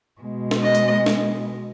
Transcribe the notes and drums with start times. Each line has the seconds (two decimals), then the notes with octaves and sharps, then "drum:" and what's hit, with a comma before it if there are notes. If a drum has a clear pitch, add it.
0.21 B2 G#3
0.51 drum: snare
0.62 D#5
0.75 drum: hi-hat
1.06 drum: snare